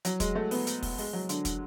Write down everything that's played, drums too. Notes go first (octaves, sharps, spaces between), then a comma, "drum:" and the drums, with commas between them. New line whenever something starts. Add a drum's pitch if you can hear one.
F#3, drum: hi-hat
G#3, drum: kick, hi-hat
A3
B3, drum: open hi-hat
drum: hi-hat
drum: kick, open hi-hat
G#3, drum: open hi-hat
F#3
D3, drum: hi-hat
drum: kick, hi-hat